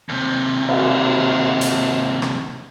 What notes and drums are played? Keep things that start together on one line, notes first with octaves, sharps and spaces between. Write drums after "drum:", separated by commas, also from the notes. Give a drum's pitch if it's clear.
D#2 C3
drum: cymbal
drum: hi-hat
drum: rim click